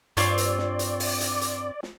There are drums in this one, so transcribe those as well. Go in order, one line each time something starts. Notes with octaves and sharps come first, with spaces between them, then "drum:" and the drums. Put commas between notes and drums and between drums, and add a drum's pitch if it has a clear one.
G2 C4 F4 C#5 D5, drum: hi-hat
drum: hi-hat
drum: snare
drum: hi-hat
drum: open hi-hat
drum: hi-hat
drum: hi-hat
drum: snare